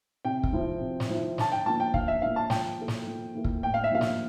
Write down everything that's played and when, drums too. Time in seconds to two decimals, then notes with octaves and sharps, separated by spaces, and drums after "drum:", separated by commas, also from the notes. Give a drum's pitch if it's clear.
0.25 C3 G5
0.44 drum: kick
0.53 F3 C4 E4
0.81 C3
1.00 drum: snare
1.09 F3 C4 E4
1.38 D3 A5, drum: snare
1.52 G5
1.66 F3 A#3 D4 A5
1.80 G5
1.94 D3 F5, drum: kick
2.08 E5
2.22 F3 A#3 D4 F5
2.36 A5
2.50 F3 G5, drum: snare
2.78 A#3 E4 A4
2.88 drum: snare
3.07 F3
3.35 A#3 E4 A4
3.44 drum: kick
3.63 A2 G5
3.74 F5
3.84 E5
3.92 F3 A#3 D4 G4 F5
4.01 drum: snare